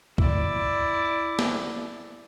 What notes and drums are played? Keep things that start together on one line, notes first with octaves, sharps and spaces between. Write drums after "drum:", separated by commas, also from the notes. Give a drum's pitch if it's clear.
E4 D5, drum: kick C2
drum: snare